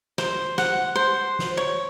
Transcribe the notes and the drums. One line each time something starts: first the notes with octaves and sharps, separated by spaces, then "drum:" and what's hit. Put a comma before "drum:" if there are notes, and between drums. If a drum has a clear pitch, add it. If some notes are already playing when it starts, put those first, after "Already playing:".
C5, drum: snare
F#5, drum: snare
C5
drum: snare
C#5